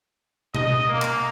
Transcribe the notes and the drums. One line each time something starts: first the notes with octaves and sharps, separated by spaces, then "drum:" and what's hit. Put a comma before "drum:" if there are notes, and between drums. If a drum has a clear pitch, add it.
D#5, drum: tom B2
A#3
drum: clap